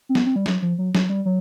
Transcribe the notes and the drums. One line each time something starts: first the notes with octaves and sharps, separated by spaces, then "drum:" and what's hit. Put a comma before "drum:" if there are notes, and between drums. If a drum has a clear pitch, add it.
C4
B3, drum: snare
C4
G3
F#3, drum: snare
F3
F#3
F#3, drum: snare
G3
F#3